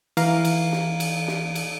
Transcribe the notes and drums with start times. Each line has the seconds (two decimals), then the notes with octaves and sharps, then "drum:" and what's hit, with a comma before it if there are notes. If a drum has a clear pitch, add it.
0.17 E3 F5 A#5, drum: cymbal
0.45 drum: cymbal
0.72 drum: snare
1.00 drum: cymbal
1.28 drum: snare
1.55 drum: cymbal